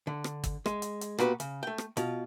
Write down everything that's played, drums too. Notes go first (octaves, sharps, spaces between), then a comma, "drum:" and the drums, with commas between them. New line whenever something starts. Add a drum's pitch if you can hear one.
D3
drum: rim click
drum: kick G1, hi-hat
G#3, drum: rim click
drum: hi-hat
drum: hi-hat
A#2 B3 F#4 G4 B4, drum: rim click
C#3, drum: hi-hat
A3 G5
drum: rim click
B2 F4, drum: hi-hat